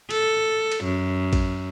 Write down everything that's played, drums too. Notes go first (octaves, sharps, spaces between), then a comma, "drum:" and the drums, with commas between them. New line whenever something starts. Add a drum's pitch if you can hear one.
A4, drum: cymbal
drum: cymbal
F#2
drum: kick, cymbal